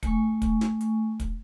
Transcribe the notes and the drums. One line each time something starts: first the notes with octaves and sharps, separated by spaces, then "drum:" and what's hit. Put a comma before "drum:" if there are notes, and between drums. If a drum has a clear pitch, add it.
A3 G#5 C#6, drum: kick, hi-hat
drum: kick, hi-hat
drum: snare
drum: hi-hat
drum: kick, hi-hat